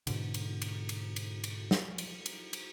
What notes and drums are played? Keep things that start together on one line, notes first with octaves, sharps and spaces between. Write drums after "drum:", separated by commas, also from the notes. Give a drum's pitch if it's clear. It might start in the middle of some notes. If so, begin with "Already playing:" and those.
G#2 B2 D3, drum: cymbal
drum: cymbal
drum: cymbal
drum: cymbal
drum: cymbal
drum: cymbal
drum: snare
drum: cymbal
drum: cymbal
drum: cymbal